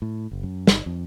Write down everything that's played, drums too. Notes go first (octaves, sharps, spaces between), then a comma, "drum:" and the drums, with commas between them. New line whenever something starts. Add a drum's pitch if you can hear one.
A2
F#1
F#2
G1, drum: snare
F2